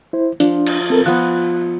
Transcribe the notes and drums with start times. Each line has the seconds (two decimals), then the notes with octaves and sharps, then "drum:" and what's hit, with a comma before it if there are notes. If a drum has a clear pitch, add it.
0.13 E4 C5
0.40 F3 D4, drum: hi-hat
0.67 drum: cymbal
0.90 C4 A4 A#4
1.06 F3 B3 F#6